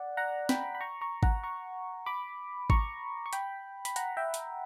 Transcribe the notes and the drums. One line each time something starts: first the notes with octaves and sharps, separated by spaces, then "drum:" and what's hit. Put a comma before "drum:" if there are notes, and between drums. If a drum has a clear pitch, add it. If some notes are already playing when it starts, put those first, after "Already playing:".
Already playing: D5 F#5
F#5 A#5
G5 B5, drum: snare
B5
A#5 C#6
A#5 C#6
F#5 A#5, drum: kick G#1
A#5 C#6
B5 D6
A#5 C#6, drum: kick G#1
C#6
G5 B5, drum: hi-hat
B5, drum: hi-hat
F#5 A#5, drum: hi-hat
E5 G5
drum: hi-hat